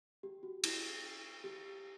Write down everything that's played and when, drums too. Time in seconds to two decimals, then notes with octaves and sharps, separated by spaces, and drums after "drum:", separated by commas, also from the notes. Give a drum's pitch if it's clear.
0.23 G4
0.43 F#4
0.64 E4, drum: cymbal
1.44 G4